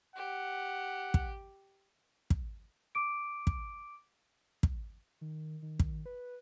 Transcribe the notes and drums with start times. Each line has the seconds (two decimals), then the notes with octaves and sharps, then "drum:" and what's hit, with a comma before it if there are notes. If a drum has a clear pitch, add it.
0.16 G4 F#5
1.14 drum: kick
2.30 drum: kick
2.95 D6 D7
3.47 drum: kick
4.63 drum: kick
5.21 D#3
5.62 D#3
5.79 drum: kick
6.06 B4